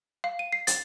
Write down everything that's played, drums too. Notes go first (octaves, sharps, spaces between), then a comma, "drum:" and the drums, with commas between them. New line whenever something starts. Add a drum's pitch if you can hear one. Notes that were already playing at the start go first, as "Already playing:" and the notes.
F5
D#7
C7
A6, drum: hi-hat